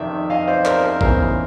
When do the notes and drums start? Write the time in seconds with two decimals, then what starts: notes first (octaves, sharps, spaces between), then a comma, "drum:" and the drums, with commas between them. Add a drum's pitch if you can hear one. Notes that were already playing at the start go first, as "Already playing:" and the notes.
Already playing: F2 C3 D#3 D5 E5
0.30 D#5 F5
0.48 C5 D5
0.65 A#4 C5, drum: clap
0.83 A#4 C5
1.01 E2 C#3 E3 A#4 C5, drum: kick G#1